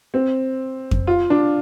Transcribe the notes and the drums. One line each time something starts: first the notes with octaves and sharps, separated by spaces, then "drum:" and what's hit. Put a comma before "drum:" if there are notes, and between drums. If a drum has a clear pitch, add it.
C4
drum: kick F2
F4
D4